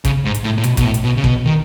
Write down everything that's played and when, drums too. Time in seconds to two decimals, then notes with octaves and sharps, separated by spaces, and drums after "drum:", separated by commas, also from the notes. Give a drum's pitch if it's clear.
0.05 C#3, drum: kick, hi-hat
0.25 G#2
0.34 drum: hi-hat
0.44 A2
0.58 A2
0.64 B2, drum: hi-hat
0.77 B2, drum: kick, hi-hat
0.85 A2
0.94 drum: hi-hat
1.04 B2
1.17 C#3
1.24 B2, drum: kick
1.45 D#3